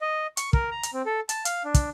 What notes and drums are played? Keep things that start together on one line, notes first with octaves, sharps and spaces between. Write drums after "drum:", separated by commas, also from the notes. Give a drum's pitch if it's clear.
D#5
C#6, drum: hi-hat
A#4, drum: kick
A#5
drum: hi-hat
C4
A4
A5, drum: hi-hat
F5, drum: hi-hat
D4
drum: kick, hi-hat